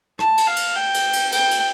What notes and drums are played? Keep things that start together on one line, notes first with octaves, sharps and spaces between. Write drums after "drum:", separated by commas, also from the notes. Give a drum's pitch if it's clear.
A5, drum: rim click
drum: cymbal
F5
drum: cymbal
G5
drum: cymbal
drum: cymbal
G5, drum: cymbal
drum: cymbal